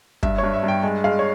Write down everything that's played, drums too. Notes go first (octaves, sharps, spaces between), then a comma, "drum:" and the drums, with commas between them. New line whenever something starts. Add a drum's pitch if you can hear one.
G2 E5, drum: kick
C#5
G2
E5
G2 G5
G#3
G#3 F5
C#5